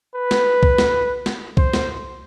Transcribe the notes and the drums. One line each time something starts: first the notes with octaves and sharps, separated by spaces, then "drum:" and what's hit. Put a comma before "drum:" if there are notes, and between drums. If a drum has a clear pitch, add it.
B4
drum: snare
drum: kick
drum: snare
drum: snare
C5, drum: kick
drum: snare